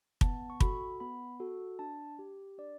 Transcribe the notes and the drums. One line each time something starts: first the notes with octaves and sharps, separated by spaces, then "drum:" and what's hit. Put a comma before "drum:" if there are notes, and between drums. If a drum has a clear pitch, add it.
B3 A5, drum: kick
C#6
F#4 A4 B5, drum: kick
B3 B5
F#4 A4
D4 A5
G4
D4 D5